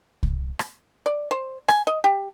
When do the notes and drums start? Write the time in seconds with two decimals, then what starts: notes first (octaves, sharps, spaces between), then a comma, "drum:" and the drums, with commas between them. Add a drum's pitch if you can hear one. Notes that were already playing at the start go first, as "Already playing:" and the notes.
0.23 drum: kick C2
0.59 drum: rim click
1.06 D5
1.31 C5
1.68 G#5, drum: rim click
1.87 D#5
2.04 G4